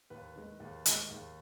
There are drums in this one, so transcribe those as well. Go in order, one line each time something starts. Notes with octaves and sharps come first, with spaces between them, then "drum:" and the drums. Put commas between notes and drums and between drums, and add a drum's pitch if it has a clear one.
D#2 B4
D#3 G#3
D#2
D#3 G#3, drum: hi-hat
D#2